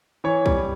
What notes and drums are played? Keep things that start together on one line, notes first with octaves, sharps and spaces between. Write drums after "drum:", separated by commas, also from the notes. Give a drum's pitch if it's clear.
E3 C#5
G3, drum: kick